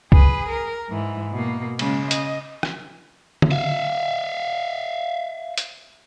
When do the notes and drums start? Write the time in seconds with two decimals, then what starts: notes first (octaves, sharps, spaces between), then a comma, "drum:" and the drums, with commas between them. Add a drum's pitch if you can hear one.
0.12 G#4 B4, drum: kick C2
0.49 A#4
0.89 G#2 E3
1.32 B2 A#3
1.79 C#3 G#3, drum: cymbal
2.11 D#5, drum: hi-hat
2.63 drum: rim click
3.42 drum: tom D3
3.52 E5 F5
5.58 drum: hi-hat